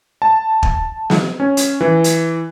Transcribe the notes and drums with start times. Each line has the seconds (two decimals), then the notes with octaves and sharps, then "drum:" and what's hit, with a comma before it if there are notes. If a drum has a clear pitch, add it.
0.22 A5
0.63 drum: kick
1.10 drum: snare
1.40 C#4
1.57 drum: hi-hat
1.81 E3
2.04 drum: hi-hat